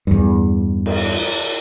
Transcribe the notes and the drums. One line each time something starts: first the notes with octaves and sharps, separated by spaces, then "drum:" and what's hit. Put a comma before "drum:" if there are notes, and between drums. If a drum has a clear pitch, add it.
E2 G2
drum: cymbal